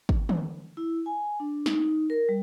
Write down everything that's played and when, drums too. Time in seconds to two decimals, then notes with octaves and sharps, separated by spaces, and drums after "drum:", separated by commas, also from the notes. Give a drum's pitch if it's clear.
0.09 drum: kick
0.29 drum: tom
0.77 E4
1.06 G#5
1.40 D4
1.66 D#4, drum: snare
2.10 A#4
2.29 G3